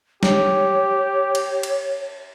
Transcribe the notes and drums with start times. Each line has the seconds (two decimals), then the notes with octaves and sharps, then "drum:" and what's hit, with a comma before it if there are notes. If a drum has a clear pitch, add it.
0.23 G4 C#5, drum: snare
1.35 drum: cymbal
1.63 drum: cymbal